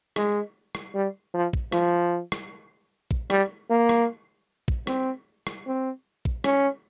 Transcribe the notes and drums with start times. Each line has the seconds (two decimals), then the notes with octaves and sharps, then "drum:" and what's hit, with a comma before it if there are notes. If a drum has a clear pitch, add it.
0.16 G#3, drum: rim click
0.75 drum: rim click
0.95 G3
1.34 F3
1.53 drum: kick
1.72 F3, drum: rim click
2.32 drum: rim click
3.11 drum: kick
3.30 G3, drum: rim click
3.70 A#3
3.89 drum: rim click
4.68 drum: kick
4.87 C4, drum: rim click
5.47 drum: rim click
5.67 C4
6.25 drum: kick
6.44 C#4, drum: rim click